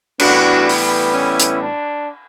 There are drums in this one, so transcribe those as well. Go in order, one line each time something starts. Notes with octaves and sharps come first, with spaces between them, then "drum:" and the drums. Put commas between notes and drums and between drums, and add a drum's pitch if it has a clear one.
A2 E3 G3 B3 D4 F#4, drum: cymbal
drum: open hi-hat
C#4 E4
drum: hi-hat
D4